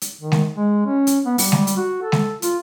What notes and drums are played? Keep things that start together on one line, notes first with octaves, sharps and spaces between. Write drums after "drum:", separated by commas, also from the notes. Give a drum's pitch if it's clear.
drum: hi-hat
D#3
drum: snare
G#3
C#4
drum: hi-hat
B3
G3, drum: open hi-hat
drum: snare
drum: hi-hat
F#4
A4
drum: snare
F4, drum: hi-hat